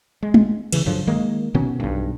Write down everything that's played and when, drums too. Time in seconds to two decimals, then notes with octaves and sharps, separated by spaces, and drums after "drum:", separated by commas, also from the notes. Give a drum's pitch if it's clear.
0.23 G#3
0.34 drum: tom
0.73 C#3 E3, drum: cymbal
0.86 G2 D3 F3 F#3
1.07 D#3 G#3 A#3
1.54 B2 D#3 B3 C#4
1.80 B1 G2